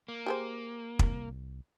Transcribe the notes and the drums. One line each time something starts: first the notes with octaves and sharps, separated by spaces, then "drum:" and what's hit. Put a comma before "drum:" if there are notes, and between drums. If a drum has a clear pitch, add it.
A#3
G4 G#4 C5
C2, drum: kick